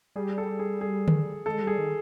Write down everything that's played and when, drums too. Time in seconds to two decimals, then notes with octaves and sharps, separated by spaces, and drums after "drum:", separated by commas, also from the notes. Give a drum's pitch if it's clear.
0.16 G3 G#4
0.38 A4
0.59 G#4
0.81 G#4
1.08 drum: tom D3
1.46 G#3 A4
1.63 G3 G#4
1.78 D#3